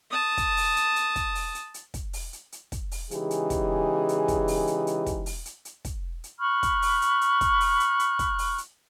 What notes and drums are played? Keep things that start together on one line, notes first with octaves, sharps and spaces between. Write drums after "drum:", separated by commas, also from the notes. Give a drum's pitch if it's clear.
A5 D#6
drum: kick, hi-hat
drum: open hi-hat
drum: hi-hat
drum: hi-hat
drum: kick, hi-hat
drum: open hi-hat
drum: hi-hat
drum: hi-hat
drum: kick, hi-hat
drum: open hi-hat
drum: hi-hat
drum: hi-hat
drum: kick, hi-hat
drum: open hi-hat
C#3 E3 G#3 D#4 G4 G#4, drum: hi-hat
drum: hi-hat
drum: kick, hi-hat
drum: hi-hat
drum: kick, hi-hat
drum: open hi-hat
drum: hi-hat
drum: hi-hat
drum: kick, hi-hat
drum: open hi-hat
drum: hi-hat
drum: hi-hat
drum: kick, hi-hat
drum: hi-hat
B5 C#6 F6 F#6
drum: kick, hi-hat
drum: open hi-hat
drum: hi-hat
drum: hi-hat
drum: kick, hi-hat
drum: open hi-hat
drum: hi-hat
drum: hi-hat
drum: kick, hi-hat
drum: open hi-hat
drum: hi-hat